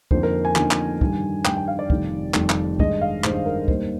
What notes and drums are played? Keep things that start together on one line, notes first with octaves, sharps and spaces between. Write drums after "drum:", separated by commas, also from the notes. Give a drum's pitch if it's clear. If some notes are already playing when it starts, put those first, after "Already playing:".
F2 D3 F3 A#3 D#4 C5, drum: kick
A#4
G#5
F2 D3 F3 A#3 D#4 G#5, drum: clap
drum: clap
G2 D#3 G3, drum: kick
G2 D#3 G3 G5, drum: clap
G5
F5
D5
F1 F2 D#3 G3, drum: kick
F1 F2 D#3 G3, drum: clap
drum: clap
G2 D#3 G#3 D#5, drum: kick
F5
G2 D#3 G#3 C5, drum: clap
A#4
D#2 D#3 G3 A#3 C5, drum: kick